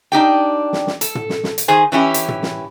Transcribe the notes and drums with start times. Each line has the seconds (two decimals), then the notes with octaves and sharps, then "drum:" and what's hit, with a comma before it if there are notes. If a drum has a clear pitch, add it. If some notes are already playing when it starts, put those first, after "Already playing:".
0.12 D4 D#4 G4 G5
0.73 drum: snare
0.87 drum: snare
1.01 A4, drum: hi-hat
1.15 drum: tom
1.29 drum: snare
1.44 drum: snare
1.58 drum: hi-hat
1.68 D#3 G#4 C5 G#5
1.92 E3 C#4 E4 G4
2.14 drum: hi-hat
2.28 drum: tom
2.43 drum: snare